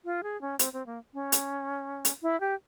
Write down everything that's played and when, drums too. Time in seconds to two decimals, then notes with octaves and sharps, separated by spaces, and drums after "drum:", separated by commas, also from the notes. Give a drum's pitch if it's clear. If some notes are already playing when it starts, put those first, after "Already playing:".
0.05 F4
0.23 G#4
0.41 C#4
0.59 C4, drum: hi-hat
0.73 C4
0.86 A#3
1.14 C#4
1.32 drum: hi-hat
2.05 drum: hi-hat
2.22 E4
2.40 G4